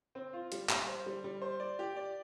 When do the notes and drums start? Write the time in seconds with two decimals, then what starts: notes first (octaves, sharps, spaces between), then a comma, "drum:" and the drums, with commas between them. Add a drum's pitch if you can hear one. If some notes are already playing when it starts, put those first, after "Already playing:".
0.15 C4
0.33 F4
0.52 G3, drum: hi-hat
0.69 G3, drum: clap
0.88 C5
1.06 G3
1.24 G3
1.42 C5
1.60 D5
1.79 G4
1.96 D5